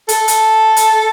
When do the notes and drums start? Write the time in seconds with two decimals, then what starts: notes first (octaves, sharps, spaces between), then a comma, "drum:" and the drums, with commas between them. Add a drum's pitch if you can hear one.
0.09 A4, drum: hi-hat
0.28 drum: hi-hat
0.77 drum: hi-hat